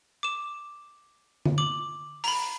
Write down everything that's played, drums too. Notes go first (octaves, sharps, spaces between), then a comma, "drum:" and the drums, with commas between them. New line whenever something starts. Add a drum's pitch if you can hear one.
D6 E7
drum: tom D3
D6 F#7
A#5 B5, drum: open hi-hat